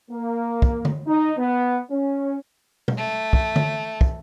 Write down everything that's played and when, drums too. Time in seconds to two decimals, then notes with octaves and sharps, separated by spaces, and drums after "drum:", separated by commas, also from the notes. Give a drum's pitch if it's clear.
0.11 A#3
0.62 drum: kick
0.85 drum: tom D3
1.07 D#4
1.38 B3
1.91 C#4
2.88 drum: tom B2
2.98 A3
3.33 drum: kick
3.56 drum: tom D3
4.01 drum: kick